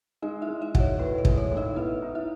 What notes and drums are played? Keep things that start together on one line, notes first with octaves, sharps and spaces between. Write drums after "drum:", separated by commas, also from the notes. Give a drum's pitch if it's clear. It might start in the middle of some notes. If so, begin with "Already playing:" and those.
G#3 D#4 D#5
E4 E5
G#3
D#4 D#5
F#4, drum: kick
C#5
A2 B4
C#5
G#3, drum: kick
C#5
A2
D#4 D#5
B3 E4 E5
D#4
E4 E5